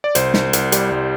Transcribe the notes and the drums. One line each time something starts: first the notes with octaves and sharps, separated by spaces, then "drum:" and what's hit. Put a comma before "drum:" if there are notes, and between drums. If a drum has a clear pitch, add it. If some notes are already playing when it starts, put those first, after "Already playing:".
D5
C2 C5, drum: hi-hat
C2, drum: snare
C2, drum: hi-hat
G3, drum: hi-hat
C2